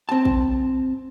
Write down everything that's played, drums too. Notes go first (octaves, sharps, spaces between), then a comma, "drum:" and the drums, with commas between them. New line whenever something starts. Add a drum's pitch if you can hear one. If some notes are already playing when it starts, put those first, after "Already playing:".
C4 A5
drum: kick